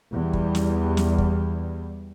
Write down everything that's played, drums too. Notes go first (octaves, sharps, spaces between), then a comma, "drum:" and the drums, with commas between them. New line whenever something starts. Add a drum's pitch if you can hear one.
E2 G3
drum: kick
drum: snare
drum: snare
drum: kick